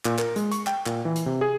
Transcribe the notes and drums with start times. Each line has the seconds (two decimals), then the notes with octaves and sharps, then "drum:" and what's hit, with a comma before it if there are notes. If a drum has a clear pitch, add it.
0.05 A#2, drum: clap
0.18 A#4, drum: clap
0.36 G#3, drum: hi-hat
0.51 C#6, drum: hi-hat
0.67 G5, drum: clap
0.86 A#2, drum: clap
1.05 E3
1.16 drum: hi-hat
1.26 C3
1.41 G#4